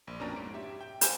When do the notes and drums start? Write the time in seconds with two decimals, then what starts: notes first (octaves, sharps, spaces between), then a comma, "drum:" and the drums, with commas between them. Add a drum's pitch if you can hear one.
0.07 A#1
0.20 F2 B2 A#3 C#4 D4 A#5
0.36 G#2 D7
0.54 G4 E5
0.81 G5
1.01 C5 G5 G#5 G6, drum: hi-hat